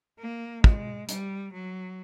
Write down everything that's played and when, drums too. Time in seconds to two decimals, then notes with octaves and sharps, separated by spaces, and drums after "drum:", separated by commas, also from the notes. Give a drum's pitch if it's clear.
0.20 A#3
0.64 G#3, drum: kick
1.09 G3, drum: hi-hat
1.53 F#3